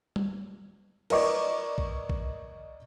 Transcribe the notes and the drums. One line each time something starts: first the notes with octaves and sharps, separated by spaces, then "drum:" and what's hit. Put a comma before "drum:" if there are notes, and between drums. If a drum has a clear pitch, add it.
drum: tom G3
A#4 B4 D5 D#5 C#6 D6, drum: cymbal
drum: kick A#1
drum: kick A#1